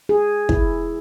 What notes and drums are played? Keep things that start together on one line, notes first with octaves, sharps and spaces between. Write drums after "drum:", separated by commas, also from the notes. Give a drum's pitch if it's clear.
G#4
E4, drum: kick